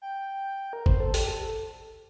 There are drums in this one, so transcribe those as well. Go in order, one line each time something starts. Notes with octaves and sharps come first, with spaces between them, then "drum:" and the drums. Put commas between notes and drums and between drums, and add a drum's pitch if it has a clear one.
G5
A#4
C5, drum: kick G1
A4
G4, drum: open hi-hat
A4